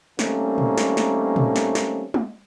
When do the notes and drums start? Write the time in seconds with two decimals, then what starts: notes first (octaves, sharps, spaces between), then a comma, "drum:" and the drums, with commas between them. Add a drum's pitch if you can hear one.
0.19 D#3 G3 A3 A#3 C4 C#4, drum: snare
0.58 drum: tom
0.78 drum: snare
0.97 drum: snare
1.36 drum: tom
1.56 drum: snare
1.75 drum: snare
2.14 drum: tom